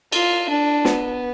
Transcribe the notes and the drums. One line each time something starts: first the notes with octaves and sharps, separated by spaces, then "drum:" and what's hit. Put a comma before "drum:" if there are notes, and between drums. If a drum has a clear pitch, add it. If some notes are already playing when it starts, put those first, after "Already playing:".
F4, drum: cymbal
D4
B3, drum: snare